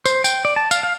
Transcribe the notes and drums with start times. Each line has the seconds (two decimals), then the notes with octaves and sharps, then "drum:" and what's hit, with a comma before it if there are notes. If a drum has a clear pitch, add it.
0.06 C5, drum: tambourine
0.24 G5, drum: tambourine
0.45 D5
0.56 A5
0.71 F5, drum: tambourine
0.83 F5